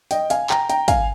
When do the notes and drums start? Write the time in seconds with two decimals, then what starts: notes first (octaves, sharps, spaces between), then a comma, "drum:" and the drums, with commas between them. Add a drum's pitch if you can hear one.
0.11 D#5 G5, drum: hi-hat
0.30 F5 G#5, drum: hi-hat
0.50 G5 A#5, drum: clap
0.70 G5 A#5, drum: hi-hat
0.88 F5 G#5, drum: kick, hi-hat